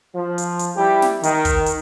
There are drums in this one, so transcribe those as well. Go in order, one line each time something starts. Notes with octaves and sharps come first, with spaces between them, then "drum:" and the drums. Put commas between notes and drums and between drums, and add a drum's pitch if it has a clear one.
F3
drum: hi-hat
drum: hi-hat
G3 E4 G4
drum: snare
D#3, drum: hi-hat
drum: kick, hi-hat
drum: hi-hat